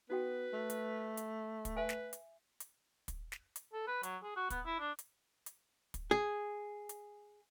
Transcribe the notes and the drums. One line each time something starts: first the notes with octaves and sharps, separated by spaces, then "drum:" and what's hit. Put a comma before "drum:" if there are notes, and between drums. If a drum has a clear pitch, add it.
B3 D#4 F#4 B4 G5
A3
drum: hi-hat
drum: hi-hat
drum: kick, hi-hat
B4 E5 G#5
drum: snare
drum: hi-hat
drum: hi-hat
drum: kick, hi-hat
drum: snare
drum: hi-hat
A4
B4
F#3, drum: hi-hat
G#4
F#4
B3, drum: kick, hi-hat
E4
D4
drum: hi-hat
drum: hi-hat
drum: kick, hi-hat
G#4
drum: hi-hat